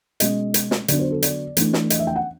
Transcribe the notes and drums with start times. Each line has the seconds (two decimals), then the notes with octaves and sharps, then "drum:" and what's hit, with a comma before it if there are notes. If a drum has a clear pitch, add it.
0.20 B2 G#3 C#4 D#5, drum: hi-hat
0.54 drum: hi-hat
0.71 drum: snare
0.88 D3 F#3 B3 D4 D5, drum: hi-hat
0.99 C5
1.11 A4
1.22 D5, drum: hi-hat
1.57 E3 A3 D4, drum: hi-hat
1.73 drum: snare
1.90 D#5, drum: hi-hat
1.99 E5
2.07 G5
2.16 F#5